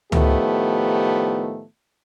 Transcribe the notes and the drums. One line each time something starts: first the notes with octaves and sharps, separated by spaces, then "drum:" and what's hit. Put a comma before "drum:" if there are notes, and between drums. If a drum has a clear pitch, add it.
A2 D#3 F3 A3 B3 G4, drum: tom C#2